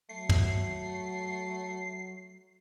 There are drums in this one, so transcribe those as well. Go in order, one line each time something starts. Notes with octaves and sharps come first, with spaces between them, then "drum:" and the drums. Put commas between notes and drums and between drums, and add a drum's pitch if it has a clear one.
F#3 A3 C7
drum: tom